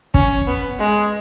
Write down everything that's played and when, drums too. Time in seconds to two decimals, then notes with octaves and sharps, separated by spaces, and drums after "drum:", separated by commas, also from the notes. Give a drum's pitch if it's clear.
0.14 C#4, drum: kick
0.47 B3
0.80 G#3